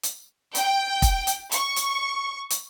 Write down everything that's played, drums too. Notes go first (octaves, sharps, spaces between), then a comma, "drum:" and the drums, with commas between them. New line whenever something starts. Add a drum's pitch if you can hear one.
drum: hi-hat
G5, drum: hi-hat
drum: kick, hi-hat
drum: hi-hat
C#6, drum: hi-hat
drum: hi-hat
drum: hi-hat